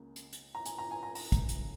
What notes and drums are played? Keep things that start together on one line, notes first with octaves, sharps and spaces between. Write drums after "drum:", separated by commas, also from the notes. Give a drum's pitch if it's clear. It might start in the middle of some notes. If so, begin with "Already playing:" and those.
Already playing: C#2 C#3 A#3 C#4
drum: hi-hat
drum: hi-hat
A#5
G#5, drum: hi-hat
A#5
G#5
A#5
A#5, drum: open hi-hat
drum: kick, hi-hat
drum: hi-hat